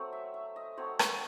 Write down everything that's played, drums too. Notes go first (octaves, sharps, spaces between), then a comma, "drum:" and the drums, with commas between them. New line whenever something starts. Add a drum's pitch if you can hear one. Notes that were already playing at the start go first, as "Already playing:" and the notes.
Already playing: F#3 A3 C4
E5
E5
D#5
F#3 A3 C4 C#5
drum: rim click